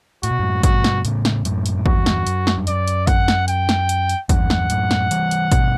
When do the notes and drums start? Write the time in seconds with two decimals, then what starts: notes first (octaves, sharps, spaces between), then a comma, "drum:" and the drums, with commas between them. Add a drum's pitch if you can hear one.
0.23 A2 F#4, drum: hi-hat
0.31 B2
0.39 F#2 A2
0.63 G2 B2 F#4, drum: kick G#1, hi-hat
0.84 drum: snare
1.05 A2 C#3, drum: hi-hat
1.25 drum: snare
1.45 F#2 A2, drum: hi-hat
1.66 drum: hi-hat
1.77 A2
1.86 E2 G2 F#4, drum: kick G#1
2.06 drum: snare
2.27 F#2, drum: hi-hat
2.47 drum: snare
2.58 G2
2.67 F#2 D5, drum: hi-hat
2.88 drum: hi-hat
3.07 F#5, drum: kick G#1, hi-hat
3.28 drum: snare
3.48 G5, drum: hi-hat
3.69 drum: snare
3.89 drum: hi-hat
4.09 drum: hi-hat
4.29 E2 G2 F#5, drum: kick G#1, hi-hat
4.50 drum: snare
4.70 F#2 A2, drum: hi-hat
4.91 drum: snare
5.11 E3 G3, drum: hi-hat
5.31 drum: hi-hat
5.52 G2 B2, drum: kick G#1, hi-hat